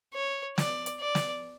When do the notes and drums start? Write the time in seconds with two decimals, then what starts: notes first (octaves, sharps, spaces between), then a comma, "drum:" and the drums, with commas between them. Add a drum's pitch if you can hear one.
0.14 C#5
0.58 D5, drum: snare
0.86 drum: hi-hat
1.01 D5
1.15 drum: snare